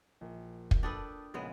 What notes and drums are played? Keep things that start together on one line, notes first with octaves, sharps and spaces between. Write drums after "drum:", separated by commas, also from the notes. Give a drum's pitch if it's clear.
A#1
drum: kick
D4 A4 B4 G5 A5 D#6
A#1 C#3 G#3 B3 F#6 E7